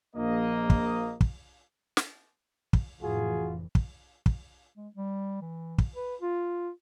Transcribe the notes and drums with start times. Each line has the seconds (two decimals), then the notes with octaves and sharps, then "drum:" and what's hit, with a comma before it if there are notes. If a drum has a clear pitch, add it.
0.16 A#1 A#3 D#5
0.70 drum: kick
1.21 drum: kick
1.97 drum: snare
2.73 drum: kick
3.01 F1 A2 E3 F4 F#4 G#4
3.75 drum: kick
4.26 drum: kick
4.77 G#3
4.96 G3
5.42 E3
5.78 drum: kick
5.95 B4
6.21 F4